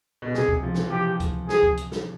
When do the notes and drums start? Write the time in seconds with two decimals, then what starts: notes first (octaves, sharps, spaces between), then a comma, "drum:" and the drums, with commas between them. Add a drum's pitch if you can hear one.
0.22 B2
0.34 C3 G#4, drum: snare
0.49 drum: kick C#2
0.63 F3
0.74 E3, drum: snare
0.86 F3 G4
1.20 drum: kick C#2, hi-hat
1.49 G#4, drum: snare
1.63 drum: kick C#2
1.77 drum: hi-hat
1.92 drum: snare